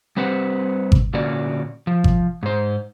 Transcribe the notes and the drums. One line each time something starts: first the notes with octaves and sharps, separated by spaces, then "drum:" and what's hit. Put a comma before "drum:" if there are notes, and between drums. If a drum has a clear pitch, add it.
G3 C4 B4 C5 F#5
drum: kick G#1
A#2 D3 A#3 C#4 F#4 D5
F3
drum: kick G#1
G#2 C5